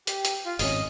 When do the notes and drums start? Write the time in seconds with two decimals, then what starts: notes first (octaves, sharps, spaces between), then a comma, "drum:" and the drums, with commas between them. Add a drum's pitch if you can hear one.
0.07 G4, drum: hi-hat
0.25 drum: hi-hat
0.45 F4
0.59 G#1 C3 C#4 D#5, drum: open hi-hat